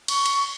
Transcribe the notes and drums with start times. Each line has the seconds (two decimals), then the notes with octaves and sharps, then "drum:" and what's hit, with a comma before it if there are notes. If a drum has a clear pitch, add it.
0.08 C#6, drum: cymbal
0.26 drum: cymbal